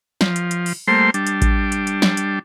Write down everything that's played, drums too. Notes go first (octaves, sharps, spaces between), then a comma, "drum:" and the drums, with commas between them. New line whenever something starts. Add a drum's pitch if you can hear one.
F3, drum: snare
drum: hi-hat
drum: hi-hat
drum: open hi-hat
G3 A3 A#3 C5 C6
G3 D4, drum: hi-hat
drum: hi-hat
drum: kick A1, hi-hat
drum: hi-hat
drum: hi-hat
drum: snare
drum: hi-hat